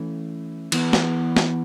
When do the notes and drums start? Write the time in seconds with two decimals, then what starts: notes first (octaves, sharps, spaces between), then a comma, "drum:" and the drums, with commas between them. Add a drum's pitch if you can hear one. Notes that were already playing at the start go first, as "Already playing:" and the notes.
Already playing: E3 A3 C#4
0.72 E3 B3, drum: cymbal
0.93 drum: snare
1.36 drum: snare